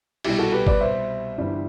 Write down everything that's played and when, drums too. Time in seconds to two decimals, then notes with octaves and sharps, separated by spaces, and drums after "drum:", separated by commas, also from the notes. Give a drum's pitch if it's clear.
0.24 C2 B2 G3 E4 G4, drum: cymbal
0.39 F#4 A4
0.52 G4 B4
0.67 B4 D5, drum: kick
0.81 C5 E5
1.37 G1 G2 E3 G3